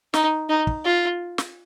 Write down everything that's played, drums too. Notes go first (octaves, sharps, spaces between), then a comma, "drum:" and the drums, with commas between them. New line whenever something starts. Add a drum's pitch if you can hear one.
D#4, drum: snare
D#4
drum: kick
F4
drum: snare